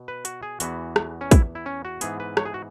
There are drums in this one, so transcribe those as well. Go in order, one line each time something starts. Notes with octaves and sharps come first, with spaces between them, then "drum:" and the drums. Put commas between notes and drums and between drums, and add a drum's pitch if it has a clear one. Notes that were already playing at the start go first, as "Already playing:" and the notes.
Already playing: B2
B4
F#4, drum: hi-hat
G#4
E2 E3 B3 F#4, drum: hi-hat
drum: rim click
C#4
E4, drum: kick, hi-hat
E4
C#4
F#4
G#2 E3 B3 G#4, drum: hi-hat
B4
C#5, drum: rim click
G#4
F#4